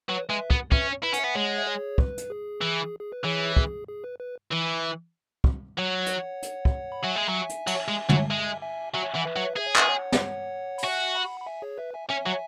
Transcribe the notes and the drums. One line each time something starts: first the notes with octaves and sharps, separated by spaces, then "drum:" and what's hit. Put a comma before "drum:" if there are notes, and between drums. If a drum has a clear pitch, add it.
F#3 B4
G#3 B4 E5
B3, drum: kick
C#4 B4 E5, drum: kick
E4 B4
C#4 F#5, drum: hi-hat
E5 G#5
B3
G#3 C#5 F#5
E5
G#4 C#5
B4, drum: kick
drum: hi-hat
G#4
E3
G#4
B4
E3 G#4 C#5
G#4, drum: kick
G#4
B4
B4
E3
drum: kick
F#3 C#5 F#5
drum: hi-hat
drum: hi-hat
drum: kick
B5
F#3 E5 G#5
G#3
F#3
drum: hi-hat
F#3, drum: cymbal
G#3
F#3, drum: tom
G#3 E5 G#5
E5 G#5
F#3 E5 G#5
E3 F#5
B4 E5
F#3
G#4 E5
C#5
B4 E5, drum: clap
C#5 F#5
drum: snare
B5, drum: open hi-hat
F#4 E5 G#5
F#5 B5
B5
E5 G#5
G#4 C#5
B4 E5
E5 G#5
C#4 E5 G#5
F#3